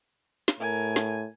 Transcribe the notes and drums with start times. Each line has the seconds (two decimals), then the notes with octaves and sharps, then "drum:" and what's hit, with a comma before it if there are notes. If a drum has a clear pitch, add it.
0.48 drum: snare
0.60 A2 A#4 G#5
0.96 drum: snare